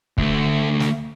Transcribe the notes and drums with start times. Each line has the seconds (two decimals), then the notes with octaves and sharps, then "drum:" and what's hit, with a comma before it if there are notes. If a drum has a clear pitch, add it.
0.18 D2 A3, drum: kick
0.80 drum: snare